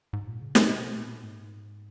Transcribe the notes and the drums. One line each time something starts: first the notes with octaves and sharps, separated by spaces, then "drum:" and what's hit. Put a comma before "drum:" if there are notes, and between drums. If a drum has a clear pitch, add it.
G#2
A#2
C#3
E3, drum: snare
B2
A#2
G#2